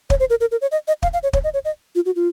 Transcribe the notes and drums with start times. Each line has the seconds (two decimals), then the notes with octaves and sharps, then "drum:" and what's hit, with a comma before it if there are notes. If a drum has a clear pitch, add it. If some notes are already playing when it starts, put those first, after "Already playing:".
0.10 C#5, drum: kick
0.20 C5
0.30 A#4
0.41 A#4
0.51 A#4
0.61 C#5
0.72 D#5
0.88 D#5
1.03 F5, drum: kick
1.13 F5
1.23 C#5
1.33 C#5, drum: kick
1.44 D#5
1.54 C#5
1.65 D#5
1.95 F4
2.06 F#4
2.16 F4